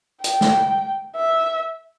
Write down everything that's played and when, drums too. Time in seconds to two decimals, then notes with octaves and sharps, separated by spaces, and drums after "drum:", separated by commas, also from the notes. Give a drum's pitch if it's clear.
0.24 G5, drum: hi-hat
0.41 drum: snare
1.16 E5